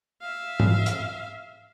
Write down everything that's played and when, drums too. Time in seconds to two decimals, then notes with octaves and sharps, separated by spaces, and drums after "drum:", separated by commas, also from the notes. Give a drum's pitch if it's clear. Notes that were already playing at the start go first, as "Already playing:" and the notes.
0.22 E5 F5
0.60 drum: tom
0.86 drum: hi-hat